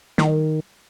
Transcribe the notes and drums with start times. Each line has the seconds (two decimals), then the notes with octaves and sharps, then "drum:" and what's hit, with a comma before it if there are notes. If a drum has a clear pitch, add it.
0.18 D#3, drum: snare